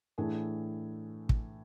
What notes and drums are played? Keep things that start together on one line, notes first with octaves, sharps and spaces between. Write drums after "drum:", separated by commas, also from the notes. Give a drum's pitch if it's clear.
A2 E3 A3 D4 G#4
drum: kick